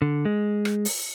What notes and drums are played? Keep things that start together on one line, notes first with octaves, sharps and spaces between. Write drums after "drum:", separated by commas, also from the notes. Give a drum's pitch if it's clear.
D3
G#3
drum: rim click
drum: open hi-hat